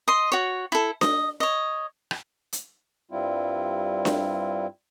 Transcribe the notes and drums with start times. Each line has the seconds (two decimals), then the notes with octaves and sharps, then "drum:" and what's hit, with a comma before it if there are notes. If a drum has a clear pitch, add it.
0.08 D#5 C6
0.32 F#4 C#5
0.72 E4 A4
1.01 D#5, drum: snare D4
1.40 C#5 D#5
2.11 drum: rim click
2.53 drum: hi-hat
3.11 G2 G3 C4 E4 F4
4.05 drum: snare D4